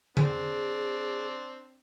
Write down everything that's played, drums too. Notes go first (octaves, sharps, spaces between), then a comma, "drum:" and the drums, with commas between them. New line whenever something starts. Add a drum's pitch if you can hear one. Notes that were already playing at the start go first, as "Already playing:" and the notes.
C4 D4 G#4, drum: tom D3